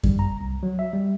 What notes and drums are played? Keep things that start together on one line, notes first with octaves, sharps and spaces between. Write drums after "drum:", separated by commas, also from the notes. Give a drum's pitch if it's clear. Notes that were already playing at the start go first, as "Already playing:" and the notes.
G3, drum: kick F#2
A#5
C2
F#3
E5
G3